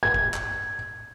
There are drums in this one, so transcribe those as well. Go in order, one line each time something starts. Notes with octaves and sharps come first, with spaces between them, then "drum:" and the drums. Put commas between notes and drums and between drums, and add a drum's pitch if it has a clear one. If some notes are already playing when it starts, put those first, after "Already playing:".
G#6
drum: kick
drum: clap